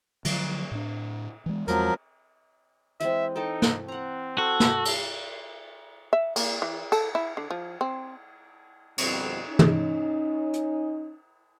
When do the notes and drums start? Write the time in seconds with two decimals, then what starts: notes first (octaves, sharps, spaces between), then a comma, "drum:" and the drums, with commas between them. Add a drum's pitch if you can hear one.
0.25 D3 F3 F#3, drum: cymbal
0.71 A2 D4
1.46 E3 G#3
1.68 E2 F3 F#3 G#3 C4 A#4, drum: hi-hat
3.00 E3 G#3 C4 E5, drum: hi-hat
3.36 D#4 A4 G5 A5
3.62 drum: snare
3.88 C4 F#5 A#5
4.38 F#4 A4
4.60 drum: snare
4.85 drum: cymbal
6.13 E5
6.36 A#3, drum: cymbal
6.62 E3
6.92 A4, drum: cymbal
7.15 E4
7.37 D3
7.50 F3
7.81 C4
8.98 F2 B2 D3 G3 C4, drum: cymbal
9.49 C#4 D#4
9.59 drum: tom
10.53 drum: hi-hat